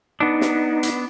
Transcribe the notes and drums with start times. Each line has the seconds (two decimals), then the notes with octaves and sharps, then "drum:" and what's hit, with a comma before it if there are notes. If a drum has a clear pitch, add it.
0.20 B3 D4 D#4
0.41 drum: snare
0.83 drum: hi-hat